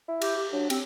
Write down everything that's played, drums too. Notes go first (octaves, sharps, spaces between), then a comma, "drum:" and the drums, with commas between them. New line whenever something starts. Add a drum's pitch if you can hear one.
E4
G4, drum: cymbal
G4
F#3 D4
C4 G4, drum: cymbal